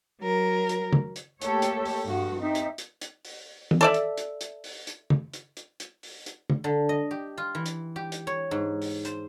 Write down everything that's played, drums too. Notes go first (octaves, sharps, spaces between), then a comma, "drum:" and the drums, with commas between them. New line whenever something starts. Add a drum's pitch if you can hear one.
F#3 A#4
drum: hi-hat
drum: tom C#3
drum: hi-hat
A3 A#3 G4 A4 C#5, drum: hi-hat
drum: hi-hat
drum: open hi-hat
G2 F3 F#4
C4 D#4 G4 E5
drum: hi-hat
drum: hi-hat
drum: hi-hat
drum: open hi-hat
drum: tom
A4 D5 E5
drum: hi-hat
drum: hi-hat
drum: hi-hat
drum: open hi-hat
drum: hi-hat
drum: tom C#3
drum: hi-hat
drum: hi-hat
drum: hi-hat
drum: open hi-hat
drum: hi-hat
drum: tom C#3
D3
D#5
G4
F4
E3
drum: hi-hat
G4
drum: hi-hat
C#5
G#2
drum: open hi-hat
C5, drum: hi-hat